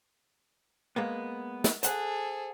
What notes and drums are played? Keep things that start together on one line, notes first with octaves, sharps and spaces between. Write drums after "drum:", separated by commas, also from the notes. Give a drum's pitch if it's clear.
G#3 A#3 B3
drum: snare
G#4 A4 C5 F#5, drum: hi-hat